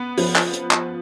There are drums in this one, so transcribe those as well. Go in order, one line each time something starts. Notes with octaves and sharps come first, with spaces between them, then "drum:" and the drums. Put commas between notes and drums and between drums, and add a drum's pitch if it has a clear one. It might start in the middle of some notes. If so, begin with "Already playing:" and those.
Already playing: B3
F3, drum: open hi-hat
drum: clap
drum: hi-hat
drum: clap